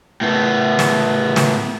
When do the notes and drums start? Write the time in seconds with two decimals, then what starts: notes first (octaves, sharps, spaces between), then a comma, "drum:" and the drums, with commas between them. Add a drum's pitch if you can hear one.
0.21 A2 B3
0.79 drum: snare
1.36 drum: snare